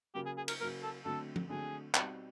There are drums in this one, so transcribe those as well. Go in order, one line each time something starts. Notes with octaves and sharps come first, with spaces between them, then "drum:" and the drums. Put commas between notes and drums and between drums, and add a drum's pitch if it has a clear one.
C#3 F#3 A#3 G4
G#4
G#4
A#4, drum: cymbal
C#3 F#3 A#3 A#4
A4
D3 F#3 A3 C4 A4
drum: tom
D3 F#3 A3 C4 G#4
B2 G3 C4 D#4, drum: clap